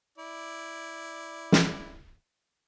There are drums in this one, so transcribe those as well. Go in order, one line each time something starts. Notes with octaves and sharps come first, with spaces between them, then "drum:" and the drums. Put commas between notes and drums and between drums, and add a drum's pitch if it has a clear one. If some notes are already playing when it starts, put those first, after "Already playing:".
E4 D5
drum: snare